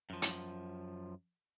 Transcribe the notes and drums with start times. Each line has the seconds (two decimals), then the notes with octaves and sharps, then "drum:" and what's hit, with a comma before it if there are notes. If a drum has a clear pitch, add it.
0.10 F#2 F3
0.22 drum: hi-hat